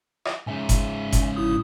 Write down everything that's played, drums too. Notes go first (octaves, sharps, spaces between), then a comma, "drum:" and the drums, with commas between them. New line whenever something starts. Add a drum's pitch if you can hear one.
drum: rim click
G#2 C#3 E5 G#5
drum: kick F#1, hi-hat
drum: kick F#1, hi-hat
G1 E4 D#6